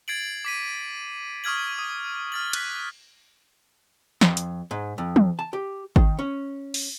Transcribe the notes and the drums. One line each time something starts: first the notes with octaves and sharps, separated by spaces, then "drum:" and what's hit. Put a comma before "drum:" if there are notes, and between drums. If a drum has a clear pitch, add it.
G#6 A6 C7 D7 F#7
D6 B6 D#7
C#6 D#6 F6 G#6 F#7
D#6
F6 A6 F#7
F#6 B6, drum: cymbal
F2, drum: snare
drum: hi-hat
G#2
F2
drum: tom
A5
G4
D#3, drum: kick G#1
C#4
drum: open hi-hat